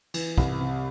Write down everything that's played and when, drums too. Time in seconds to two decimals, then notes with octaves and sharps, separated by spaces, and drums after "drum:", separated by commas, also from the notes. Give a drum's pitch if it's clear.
0.14 E3, drum: cymbal
0.38 C2, drum: kick
0.60 C3